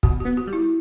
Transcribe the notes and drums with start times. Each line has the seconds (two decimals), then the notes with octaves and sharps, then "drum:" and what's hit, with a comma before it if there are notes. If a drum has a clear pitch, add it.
0.03 B2 F#4, drum: kick
0.20 B3 F#4
0.37 F#4
0.47 G3
0.53 E4